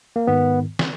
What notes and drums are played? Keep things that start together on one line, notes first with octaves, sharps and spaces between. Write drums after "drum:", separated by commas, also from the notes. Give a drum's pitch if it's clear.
A#3
G#2 D#3 B3
drum: snare